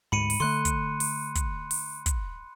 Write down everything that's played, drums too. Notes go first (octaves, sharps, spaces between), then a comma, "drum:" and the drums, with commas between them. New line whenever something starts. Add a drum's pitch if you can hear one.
D2 G#2 B5 C#7 D#7
drum: open hi-hat
D3 A3 C6 F#6
drum: kick, hi-hat
drum: open hi-hat
drum: kick, hi-hat
drum: open hi-hat
drum: kick, hi-hat